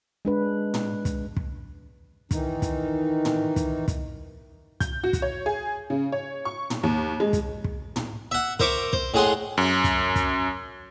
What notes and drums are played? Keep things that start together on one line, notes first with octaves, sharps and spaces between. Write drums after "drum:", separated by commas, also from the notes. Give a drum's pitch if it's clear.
G#3 D4 B4
drum: tom
drum: kick, hi-hat
drum: kick
D#3 E3 D#4, drum: kick, hi-hat
drum: kick, hi-hat
drum: tom
drum: kick, hi-hat
drum: kick, hi-hat
G6, drum: kick, hi-hat
F#4
drum: kick, hi-hat
C#5
G#4
C#3
C#5
C#6
drum: tom
D#2
G#3
drum: kick, hi-hat
drum: kick
drum: tom
E5 F#5
A#4 C5 E5 C#6 D6, drum: kick
C5, drum: kick
A2 G#3 G#4 F#5 C6
F#2
drum: kick, hi-hat
drum: kick, hi-hat